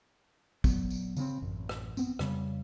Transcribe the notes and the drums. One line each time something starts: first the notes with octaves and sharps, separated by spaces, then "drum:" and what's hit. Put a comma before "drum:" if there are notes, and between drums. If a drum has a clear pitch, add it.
A#2 F#3 B3, drum: kick, tambourine
drum: tambourine
C#3 A#3 C4, drum: tambourine
A1 F#2
drum: rim click
B3 C4, drum: tambourine
F2 C#3 G3, drum: rim click